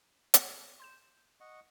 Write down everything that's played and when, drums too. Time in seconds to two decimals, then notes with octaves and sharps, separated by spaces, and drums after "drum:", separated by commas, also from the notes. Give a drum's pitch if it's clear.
0.34 drum: hi-hat
0.80 C6 G6 E7
1.40 D#5 F#5 C#6